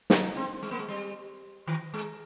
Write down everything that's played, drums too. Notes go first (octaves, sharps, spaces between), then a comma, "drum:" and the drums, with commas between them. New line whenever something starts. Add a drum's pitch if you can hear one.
D#4, drum: snare
C4
G#3
A#3
G#3
G3
D#3
G#3